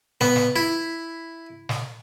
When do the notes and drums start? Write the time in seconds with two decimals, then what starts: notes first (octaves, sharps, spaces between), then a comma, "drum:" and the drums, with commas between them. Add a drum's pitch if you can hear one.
0.21 B3, drum: snare
0.36 drum: snare
0.56 E4
1.69 drum: snare